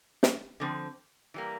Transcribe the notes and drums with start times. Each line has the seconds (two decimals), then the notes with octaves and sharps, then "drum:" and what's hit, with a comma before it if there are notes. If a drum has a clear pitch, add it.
0.23 drum: snare
0.60 D3 F3 C4
1.34 E3 G3 A#3